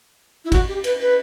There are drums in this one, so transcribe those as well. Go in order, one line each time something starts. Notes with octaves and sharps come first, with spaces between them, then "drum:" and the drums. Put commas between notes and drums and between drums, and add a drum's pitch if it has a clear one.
E4
F#4, drum: kick, cymbal
G4
B4, drum: cymbal
B4